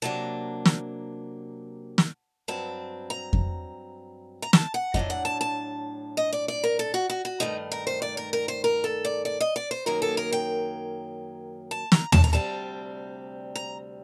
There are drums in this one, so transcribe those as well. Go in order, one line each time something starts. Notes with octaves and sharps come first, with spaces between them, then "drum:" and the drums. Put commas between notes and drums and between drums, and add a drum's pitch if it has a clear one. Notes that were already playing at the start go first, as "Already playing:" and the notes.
C3 F#3 A#3 D4 A5
drum: snare
drum: snare
G2 F#3 C4 A5
A#5
drum: kick F2
A#5
A5, drum: snare
F#5
A2 F#3 A3 D4 D#5, drum: kick F2
F#5
A5
A5
D#5
D5
D5
A#4
A4
F#4
F#4
F#4
G2 D#3 A3 D#4
A#4
C5
D5
A#4
A#4
C5
A#4
A4
D5
D5
D#5
D5
C5
F#2 D#3 F#3 A#3 A#4
A4
A#4
G5
A5
A#5, drum: snare
A5, drum: tom
A#5
D2 C3 G3 C4 A5
A#5